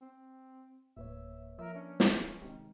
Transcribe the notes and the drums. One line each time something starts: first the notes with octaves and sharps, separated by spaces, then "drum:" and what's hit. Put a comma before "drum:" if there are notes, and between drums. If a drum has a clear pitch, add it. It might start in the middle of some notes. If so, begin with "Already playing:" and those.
C4
D1 A#3 B4 C#5 E5
F3 A#4 E5
C#4 D4
drum: snare
C3 D#3 G#3